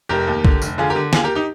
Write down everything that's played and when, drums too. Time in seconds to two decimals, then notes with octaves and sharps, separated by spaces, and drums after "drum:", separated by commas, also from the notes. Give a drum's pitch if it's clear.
0.09 F1 G4 A#4
0.27 D#2
0.45 D3, drum: kick
0.62 F1, drum: tambourine
0.78 D3 F4 G#4
0.90 G4 A#4
0.96 D3
1.13 D#2 F4 G#4, drum: snare
1.24 G4 A#4
1.35 D#4 G4